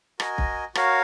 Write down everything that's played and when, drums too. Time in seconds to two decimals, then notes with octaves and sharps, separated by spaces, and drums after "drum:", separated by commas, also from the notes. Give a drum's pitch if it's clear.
0.20 F#4 A#4 D#5 G#5, drum: rim click
0.38 drum: kick
0.75 F#4 A#4 C#5 F5, drum: rim click